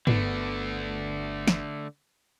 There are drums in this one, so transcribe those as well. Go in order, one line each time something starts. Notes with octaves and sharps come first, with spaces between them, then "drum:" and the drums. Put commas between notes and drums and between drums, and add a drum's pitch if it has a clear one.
G1 D3 A3 B3, drum: tom
drum: snare